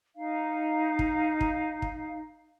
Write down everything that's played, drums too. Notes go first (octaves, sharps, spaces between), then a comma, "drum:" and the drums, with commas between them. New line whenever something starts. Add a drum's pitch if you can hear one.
D#4 F5
drum: kick
drum: kick
drum: kick